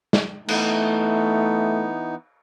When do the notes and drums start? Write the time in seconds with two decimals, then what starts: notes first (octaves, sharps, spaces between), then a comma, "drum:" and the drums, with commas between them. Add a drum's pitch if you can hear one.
0.13 drum: snare
0.48 E3 A3 B3 D#4, drum: cymbal